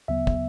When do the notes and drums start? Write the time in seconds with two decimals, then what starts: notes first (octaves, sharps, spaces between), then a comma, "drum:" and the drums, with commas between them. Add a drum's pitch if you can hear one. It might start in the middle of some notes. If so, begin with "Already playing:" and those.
0.08 D2 C#3 F#3 B3 E5
0.27 drum: kick